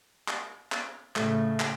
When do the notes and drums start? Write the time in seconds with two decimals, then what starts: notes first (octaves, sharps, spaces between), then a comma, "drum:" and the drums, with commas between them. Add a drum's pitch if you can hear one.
0.28 drum: clap
0.72 drum: clap
1.16 A2 C#3 A3, drum: clap
1.60 drum: clap